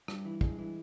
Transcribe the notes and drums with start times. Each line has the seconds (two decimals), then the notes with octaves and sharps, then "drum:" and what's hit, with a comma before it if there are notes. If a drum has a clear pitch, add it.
0.08 G2, drum: rim click
0.25 E3
0.41 G2 G#3, drum: kick
0.58 E3